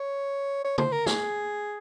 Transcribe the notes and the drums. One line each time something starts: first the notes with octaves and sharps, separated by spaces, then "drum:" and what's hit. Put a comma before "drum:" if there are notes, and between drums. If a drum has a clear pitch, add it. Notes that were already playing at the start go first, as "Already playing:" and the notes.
Already playing: C#5
C#5
C5, drum: tom C#3
A#4
G#4, drum: snare